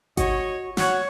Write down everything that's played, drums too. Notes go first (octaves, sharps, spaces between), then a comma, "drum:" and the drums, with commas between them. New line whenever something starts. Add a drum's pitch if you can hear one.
F#4 C#5 D#5, drum: kick G#1, hi-hat
F#4 C#5 F#5, drum: snare